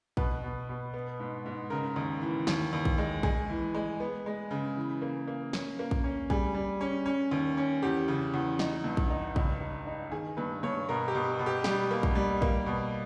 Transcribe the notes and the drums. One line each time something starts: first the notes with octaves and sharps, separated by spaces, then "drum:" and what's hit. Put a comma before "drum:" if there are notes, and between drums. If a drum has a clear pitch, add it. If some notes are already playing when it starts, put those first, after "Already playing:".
B2 B4, drum: kick
B2
B2
B3
G#2
G#2
C#3 A#4
D#2
E3
D#2, drum: snare
D#2
drum: kick
G#3
G#3 G#4, drum: kick
E3
G#3
B3
G#3
C#3
E3
A#3
A#3
C#4, drum: snare
A#3
drum: kick
C#4
G3 G#4, drum: kick
G3
C#4
C#4
D#2
C#4
E2 G4
C#3
E2
D#4, drum: snare
G2
drum: kick
D#4
C#2, drum: kick
D#4
D#4
D#3 G#4
G2 B4
G2 C#5
B2 A#4
G4
B2
B2
G4
G3 G4, drum: snare
A#3
drum: kick
G3
A#3, drum: kick
B2